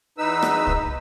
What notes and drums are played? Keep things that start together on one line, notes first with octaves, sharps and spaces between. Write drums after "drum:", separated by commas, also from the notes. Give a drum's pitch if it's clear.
E2 D#4 B4 E6
drum: rim click
drum: kick C2